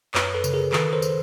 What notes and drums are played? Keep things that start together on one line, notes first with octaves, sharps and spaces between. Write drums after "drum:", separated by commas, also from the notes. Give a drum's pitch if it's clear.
F#2 B4 C#5, drum: clap
A4 B4
C#3, drum: tambourine
G#4 A#4
D#3 A4 B4, drum: clap
A#4 C5
drum: tambourine